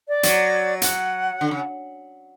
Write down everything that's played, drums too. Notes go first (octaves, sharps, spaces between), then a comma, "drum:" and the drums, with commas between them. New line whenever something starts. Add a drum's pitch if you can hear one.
D5
F#3, drum: hi-hat
F#5, drum: hi-hat
D3
C#3